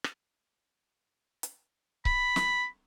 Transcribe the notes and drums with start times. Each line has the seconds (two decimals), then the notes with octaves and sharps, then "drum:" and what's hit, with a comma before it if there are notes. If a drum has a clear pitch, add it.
0.04 drum: rim click
1.43 drum: hi-hat
2.05 B5, drum: kick C#1
2.36 drum: snare